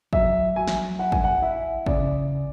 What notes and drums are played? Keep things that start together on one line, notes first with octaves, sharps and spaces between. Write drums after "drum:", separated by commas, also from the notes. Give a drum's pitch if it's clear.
F#3 E5, drum: kick
F#3 G#5
drum: snare
E4 F#5
G#5, drum: kick
F#5
E4 E5
C#3 D5, drum: kick